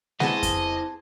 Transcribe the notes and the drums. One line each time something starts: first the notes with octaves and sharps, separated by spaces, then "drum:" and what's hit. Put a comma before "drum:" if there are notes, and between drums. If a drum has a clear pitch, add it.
B3 C4 E4 G#4 C5 D#5 A5, drum: snare G#3
drum: kick F2, hi-hat